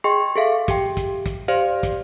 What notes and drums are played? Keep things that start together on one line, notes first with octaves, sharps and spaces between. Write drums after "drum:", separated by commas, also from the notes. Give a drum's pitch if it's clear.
G#4 D#5 G5 C6 C#6
G#4 A4 E5 F5
G4 G5, drum: kick, hi-hat
drum: kick, hi-hat
drum: kick, hi-hat
G4 C5 D5 F5
drum: kick, hi-hat